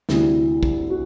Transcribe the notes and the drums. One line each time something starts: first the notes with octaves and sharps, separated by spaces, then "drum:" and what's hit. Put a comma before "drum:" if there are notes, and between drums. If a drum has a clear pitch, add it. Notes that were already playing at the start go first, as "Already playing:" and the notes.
D2 C3 G3 E4, drum: snare
drum: kick
F#4